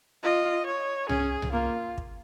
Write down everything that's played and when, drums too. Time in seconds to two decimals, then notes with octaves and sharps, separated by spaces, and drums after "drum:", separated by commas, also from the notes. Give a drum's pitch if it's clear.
0.24 F4 D#5
0.67 C#5
1.09 C#4 G#4, drum: tom C2
1.42 drum: tom C2
1.53 A#3 F4
1.98 drum: kick